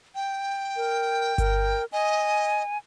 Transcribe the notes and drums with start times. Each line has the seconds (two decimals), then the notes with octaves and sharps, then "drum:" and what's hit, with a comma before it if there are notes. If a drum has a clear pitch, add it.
0.15 G5
0.76 A#4
1.38 A#4, drum: kick G1, hi-hat
1.92 D#5 G#5